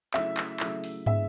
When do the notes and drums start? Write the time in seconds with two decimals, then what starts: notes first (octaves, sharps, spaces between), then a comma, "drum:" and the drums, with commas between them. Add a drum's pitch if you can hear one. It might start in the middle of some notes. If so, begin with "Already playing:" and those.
0.14 C#3 F#3 A3 E4 E5, drum: clap
0.37 drum: clap
0.60 C#3 F#3 A3 E4, drum: clap
0.84 drum: open hi-hat
1.06 D3 G#3 B3 E4 E5, drum: tom